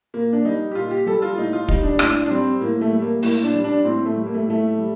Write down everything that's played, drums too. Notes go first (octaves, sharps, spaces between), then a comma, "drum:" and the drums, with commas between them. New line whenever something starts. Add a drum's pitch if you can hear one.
A#2 A#3
D4
G3 D#4
G4
A#2 F4
G4
G3 A4
F4
A2 D#4
F4
G3 D#4, drum: kick
D4
A2 D4, drum: rim click
D4
G3 C4
A2 A#3
A3
G3
A#3
A2 A#3, drum: open hi-hat
D4
G3
D4
A2 C4
A3
G3
A#3
A3
A2 A3
G3